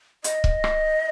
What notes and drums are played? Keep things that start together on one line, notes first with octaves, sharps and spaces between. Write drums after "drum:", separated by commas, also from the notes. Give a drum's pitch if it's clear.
D#5, drum: hi-hat
drum: kick
drum: rim click